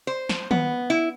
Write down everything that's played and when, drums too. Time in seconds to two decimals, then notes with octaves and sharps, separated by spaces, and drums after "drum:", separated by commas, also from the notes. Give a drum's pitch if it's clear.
0.07 C5
0.29 drum: snare
0.51 B3, drum: tom D#3
0.90 E4